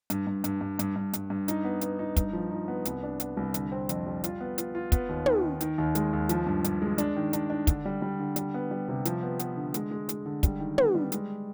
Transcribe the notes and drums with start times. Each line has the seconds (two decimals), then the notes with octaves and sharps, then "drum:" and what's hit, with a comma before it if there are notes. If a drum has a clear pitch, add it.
0.10 G2, drum: hi-hat
0.27 G2
0.44 G2, drum: hi-hat
0.61 G2
0.79 G2, drum: hi-hat
0.96 G2
1.13 G2, drum: hi-hat
1.30 G2
1.48 D#4, drum: hi-hat
1.65 B3
1.81 B3, drum: hi-hat
1.99 D#4
2.16 G2, drum: kick, hi-hat
2.33 F3
2.51 D#4
2.68 B3
2.85 C2, drum: hi-hat
3.03 D4
3.20 B3, drum: hi-hat
3.37 C2
3.54 D3, drum: hi-hat
3.72 C4
3.89 F2, drum: hi-hat
4.06 G3
4.24 F4, drum: hi-hat
4.40 B3
4.58 F4, drum: hi-hat
4.75 F4
4.92 B3, drum: kick, hi-hat
5.09 D#2
5.26 D#3, drum: tom
5.43 D#3
5.61 D#3, drum: hi-hat
5.78 D#2
5.95 G#3, drum: hi-hat
6.13 D#2
6.29 F3, drum: hi-hat
6.47 G2
6.64 G2, drum: hi-hat
6.82 G#3
6.98 D4, drum: hi-hat
7.16 D#3
7.33 D4, drum: hi-hat
7.50 D4
7.67 D3, drum: kick, hi-hat
7.85 G3
8.02 G3
8.20 D3
8.36 G3, drum: hi-hat
8.54 B3
8.71 G3
8.88 C3
9.05 F3, drum: hi-hat
9.23 B3
9.39 B3, drum: hi-hat
9.57 D3
9.74 G#3, drum: hi-hat
9.91 G#3
10.09 G#3, drum: hi-hat
10.26 D3
10.43 G3, drum: kick, hi-hat
10.60 D#3
10.78 B3, drum: tom
10.95 G3
11.12 G#3, drum: hi-hat